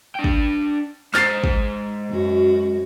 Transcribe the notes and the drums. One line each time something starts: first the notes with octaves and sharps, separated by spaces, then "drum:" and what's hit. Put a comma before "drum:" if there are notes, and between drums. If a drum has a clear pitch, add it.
D4 G5
drum: kick
G#3 C5 A#5 F6 A6 C7, drum: clap
drum: kick
F#2 F#4